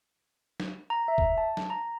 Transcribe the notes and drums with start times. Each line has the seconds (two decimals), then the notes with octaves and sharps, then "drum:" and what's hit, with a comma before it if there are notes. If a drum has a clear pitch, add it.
0.60 drum: snare
0.90 A#5
1.08 E5
1.18 drum: kick
1.38 A5
1.57 drum: snare
1.70 A#5